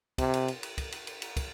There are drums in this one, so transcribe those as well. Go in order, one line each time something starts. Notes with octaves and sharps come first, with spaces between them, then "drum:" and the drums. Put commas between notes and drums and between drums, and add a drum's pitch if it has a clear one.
C3, drum: kick, cymbal
drum: cymbal
drum: cymbal
drum: cymbal
drum: kick, cymbal
drum: cymbal
drum: cymbal
drum: cymbal
drum: kick, cymbal